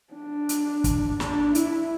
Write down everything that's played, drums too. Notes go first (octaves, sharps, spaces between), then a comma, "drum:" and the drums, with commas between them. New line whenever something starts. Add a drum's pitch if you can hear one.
D4
drum: hi-hat
drum: kick, hi-hat
D4, drum: snare
E4, drum: hi-hat